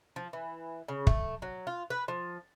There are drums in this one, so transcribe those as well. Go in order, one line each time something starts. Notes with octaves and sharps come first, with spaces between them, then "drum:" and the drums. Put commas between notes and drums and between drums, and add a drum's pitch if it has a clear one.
F3
E3
C#3
A3, drum: kick
F#3
F4
B4
F3